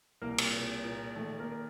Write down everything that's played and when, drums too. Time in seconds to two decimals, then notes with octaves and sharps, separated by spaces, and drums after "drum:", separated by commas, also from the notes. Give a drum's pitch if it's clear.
0.22 C2 A#3 A#4
0.38 drum: cymbal
0.53 C2
0.84 A#2
1.16 D#3 A3 A4
1.39 A#3 A#4